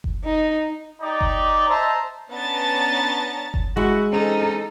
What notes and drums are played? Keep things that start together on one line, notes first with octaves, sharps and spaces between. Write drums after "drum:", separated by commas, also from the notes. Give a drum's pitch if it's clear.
drum: kick F#1
D#4
D#4 G4 D5
drum: kick F#1
C5 D#5 E5 A5 A#5
B3 C#4 D4 A5 A#5 A6
drum: kick F#1
G#3 E4 F#4
E3 C4 C#4 D#4 A4